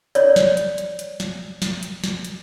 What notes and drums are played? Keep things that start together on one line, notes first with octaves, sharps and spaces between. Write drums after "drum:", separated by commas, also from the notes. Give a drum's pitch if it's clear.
C#5 D5, drum: hi-hat
drum: snare
drum: hi-hat
drum: hi-hat
drum: hi-hat
drum: snare
drum: snare
drum: hi-hat
drum: snare
drum: hi-hat